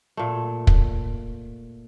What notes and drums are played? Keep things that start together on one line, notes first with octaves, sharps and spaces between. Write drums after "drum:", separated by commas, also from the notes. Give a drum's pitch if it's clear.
A#2 A3
drum: kick